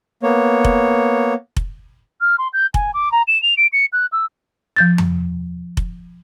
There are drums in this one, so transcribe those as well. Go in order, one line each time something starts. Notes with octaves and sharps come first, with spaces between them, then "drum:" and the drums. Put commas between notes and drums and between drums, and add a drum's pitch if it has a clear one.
A#3 B3 C#5
drum: kick F1
drum: kick F1
F6
C6
G6
G#5, drum: kick F1
D6
A#5
E7
F7
D7
C#7
F#6
E6
F3 G6 A6
drum: tom F2
drum: kick F1